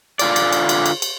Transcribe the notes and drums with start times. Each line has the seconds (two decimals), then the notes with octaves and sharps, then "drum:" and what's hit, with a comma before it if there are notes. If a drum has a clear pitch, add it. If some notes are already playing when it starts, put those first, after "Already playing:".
0.19 D3 F4 D5, drum: cymbal
0.36 drum: cymbal
0.53 drum: cymbal
0.69 drum: cymbal
0.86 drum: cymbal
1.02 drum: cymbal